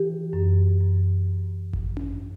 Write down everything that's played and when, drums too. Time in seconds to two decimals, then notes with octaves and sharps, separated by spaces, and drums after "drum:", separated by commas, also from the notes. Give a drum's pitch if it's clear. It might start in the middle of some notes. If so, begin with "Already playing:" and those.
Already playing: E3 G4
0.33 F#2
0.80 F#2
1.27 F#2
1.73 drum: kick G#1
1.97 drum: tom C#4